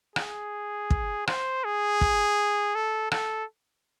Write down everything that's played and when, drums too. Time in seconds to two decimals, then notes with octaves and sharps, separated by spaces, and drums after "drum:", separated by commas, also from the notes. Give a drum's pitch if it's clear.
0.16 G#4, drum: rim click
0.90 drum: kick
1.27 C5, drum: rim click
1.64 G#4
2.01 drum: kick
2.75 A4
3.11 A4, drum: rim click